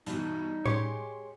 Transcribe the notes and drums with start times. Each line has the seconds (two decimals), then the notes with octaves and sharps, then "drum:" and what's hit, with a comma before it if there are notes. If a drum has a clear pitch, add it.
0.06 G2 B2 E3 G3 D#4 D#5, drum: hi-hat
0.66 G#3 G4 C#5 C6, drum: tom A2